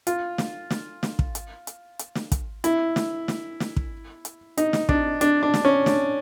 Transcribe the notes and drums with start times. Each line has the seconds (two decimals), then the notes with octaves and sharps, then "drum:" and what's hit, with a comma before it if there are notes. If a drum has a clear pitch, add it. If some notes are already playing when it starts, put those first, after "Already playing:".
0.07 F4, drum: hi-hat
0.38 drum: snare
0.70 drum: snare
1.03 drum: snare
1.19 drum: kick
1.35 drum: hi-hat
1.67 drum: hi-hat
1.99 drum: hi-hat
2.15 drum: snare
2.32 drum: kick, hi-hat
2.64 E4, drum: hi-hat
2.96 drum: snare
3.28 drum: snare
3.60 drum: snare
3.76 drum: kick
4.25 drum: hi-hat
4.57 D#4, drum: hi-hat
4.73 drum: snare
4.89 D4, drum: kick
5.21 D4, drum: hi-hat
5.43 D4
5.54 drum: snare
5.65 C#4
5.86 D4, drum: snare